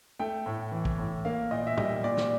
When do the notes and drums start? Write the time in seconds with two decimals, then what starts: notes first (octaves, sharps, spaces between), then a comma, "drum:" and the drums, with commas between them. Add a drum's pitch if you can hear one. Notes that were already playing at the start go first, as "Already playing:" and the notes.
0.19 A3 G5
0.46 A2
0.72 E3
0.85 drum: kick
0.98 A2
1.25 A#3 F5
1.51 A#2 D#5
1.67 E5
1.77 G3 D#5, drum: tom A2
2.04 A#2 D5
2.17 drum: snare